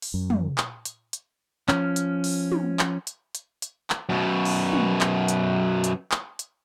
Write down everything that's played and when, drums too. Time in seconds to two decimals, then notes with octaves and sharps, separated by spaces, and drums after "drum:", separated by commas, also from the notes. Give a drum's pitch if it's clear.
0.02 drum: open hi-hat
0.14 F#2
0.30 drum: tom
0.58 drum: clap
0.85 drum: hi-hat
1.13 drum: hi-hat
1.69 F3 C#4, drum: clap
1.96 drum: hi-hat
2.24 drum: open hi-hat
2.52 drum: tom
2.79 drum: clap
3.07 drum: hi-hat
3.35 drum: hi-hat
3.62 drum: hi-hat
3.90 drum: clap
4.09 F#2 B2
4.45 drum: open hi-hat
4.73 drum: tom
5.01 drum: clap
5.28 drum: hi-hat
5.84 drum: hi-hat
6.11 drum: clap
6.39 drum: hi-hat